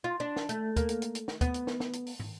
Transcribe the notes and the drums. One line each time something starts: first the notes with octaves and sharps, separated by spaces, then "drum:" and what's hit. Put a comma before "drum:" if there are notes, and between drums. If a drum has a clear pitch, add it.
F4
D4
drum: snare
A3, drum: hi-hat
A#3, drum: kick, hi-hat
drum: hi-hat
drum: hi-hat
drum: hi-hat
drum: snare
B3, drum: kick, hi-hat
drum: hi-hat
drum: snare
drum: snare
drum: hi-hat
drum: open hi-hat
drum: tom